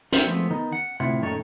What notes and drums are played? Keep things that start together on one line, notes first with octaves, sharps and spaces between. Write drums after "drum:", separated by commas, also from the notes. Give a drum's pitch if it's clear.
F4 A#4 C5 E5 F#5 G5, drum: hi-hat
F3 G#3 A3 B3 C4
D#3 B3 D#4
F#5
D2 A2 C3 E4 F4 F#5
F#2 A#2 D#3 A3 A4 C#5